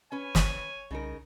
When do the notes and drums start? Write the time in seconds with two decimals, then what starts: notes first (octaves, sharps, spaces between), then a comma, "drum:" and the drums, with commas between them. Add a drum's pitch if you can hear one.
0.12 C#4 B4 C#5 G#5
0.35 drum: snare
0.91 C2 C#3 D#4 A#4